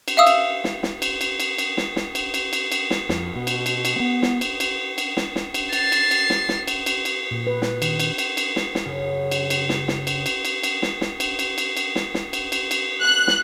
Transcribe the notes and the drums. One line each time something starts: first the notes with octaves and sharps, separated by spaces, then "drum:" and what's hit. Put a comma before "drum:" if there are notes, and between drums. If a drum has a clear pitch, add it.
drum: cymbal
E5 F5 D#6 E6
drum: cymbal
drum: snare
drum: snare
drum: cymbal
drum: cymbal
drum: cymbal
drum: cymbal
drum: snare
drum: snare
drum: cymbal
drum: cymbal
drum: cymbal
drum: cymbal
drum: snare
F2, drum: snare
B2
drum: cymbal
drum: cymbal
drum: cymbal
B3
drum: snare
drum: cymbal
drum: cymbal
drum: cymbal
drum: snare
drum: snare
drum: cymbal
A6 C7, drum: cymbal
drum: cymbal
drum: cymbal
drum: snare
drum: snare
drum: cymbal
drum: cymbal
drum: cymbal
A#2
B4
drum: snare
D#3, drum: cymbal
drum: cymbal
drum: cymbal
drum: cymbal
drum: snare
drum: snare
F#2 C#3
drum: cymbal
drum: cymbal
drum: snare
drum: snare
drum: cymbal
drum: cymbal
drum: cymbal
drum: cymbal
drum: snare
drum: snare
drum: cymbal
drum: cymbal
drum: cymbal
drum: cymbal
drum: snare
drum: snare
drum: cymbal
drum: cymbal
drum: cymbal
F#6
drum: snare